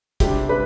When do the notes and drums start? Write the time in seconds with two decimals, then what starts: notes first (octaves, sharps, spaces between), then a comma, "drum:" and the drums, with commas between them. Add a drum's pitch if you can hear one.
0.20 C3 G3 D4 G4 G5, drum: kick, hi-hat
0.49 B4 B5